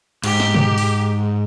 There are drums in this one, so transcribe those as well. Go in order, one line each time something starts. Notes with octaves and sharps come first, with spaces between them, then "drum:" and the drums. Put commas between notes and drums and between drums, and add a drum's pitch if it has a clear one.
G#2 G4, drum: cymbal
drum: snare
drum: tom B2
drum: open hi-hat